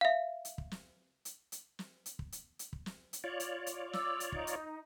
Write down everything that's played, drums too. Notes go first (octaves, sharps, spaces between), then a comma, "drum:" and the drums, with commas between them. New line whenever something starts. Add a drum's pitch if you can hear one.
E5 F5
drum: hi-hat
drum: kick
drum: snare
drum: hi-hat
drum: hi-hat
drum: snare
drum: hi-hat
drum: kick
drum: hi-hat
drum: hi-hat
drum: kick
drum: snare
drum: hi-hat
F4 C#5 D5
drum: hi-hat
drum: hi-hat
D6 E6, drum: snare
drum: hi-hat
D#4, drum: kick
drum: hi-hat